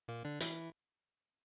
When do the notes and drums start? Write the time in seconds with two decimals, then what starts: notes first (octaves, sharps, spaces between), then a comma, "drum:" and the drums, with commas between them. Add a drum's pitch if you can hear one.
0.08 A#2 A#3
0.25 D3 D4
0.40 E3 E4, drum: hi-hat